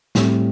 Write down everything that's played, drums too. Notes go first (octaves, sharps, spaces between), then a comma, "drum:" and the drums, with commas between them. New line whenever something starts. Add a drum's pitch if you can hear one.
A2 G3 C4, drum: snare